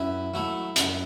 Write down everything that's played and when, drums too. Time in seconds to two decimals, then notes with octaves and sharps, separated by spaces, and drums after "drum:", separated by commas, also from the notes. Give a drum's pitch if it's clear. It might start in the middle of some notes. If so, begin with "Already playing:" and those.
Already playing: F#2 E4
0.34 F#3 A3 E4
0.76 F#2, drum: hi-hat